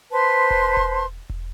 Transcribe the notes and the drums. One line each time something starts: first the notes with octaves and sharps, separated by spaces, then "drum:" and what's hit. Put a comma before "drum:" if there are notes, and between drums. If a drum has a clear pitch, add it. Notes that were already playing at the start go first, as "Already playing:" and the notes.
B4 C5 A5 C6
drum: kick E1
drum: kick E1
drum: kick E1